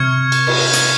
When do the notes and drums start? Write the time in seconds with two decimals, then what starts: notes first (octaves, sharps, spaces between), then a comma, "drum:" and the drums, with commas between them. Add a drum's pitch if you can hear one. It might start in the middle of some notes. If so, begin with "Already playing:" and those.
Already playing: C3 C#6 F6 G#6 C#7
0.32 drum: cymbal
0.47 drum: cymbal
0.73 drum: hi-hat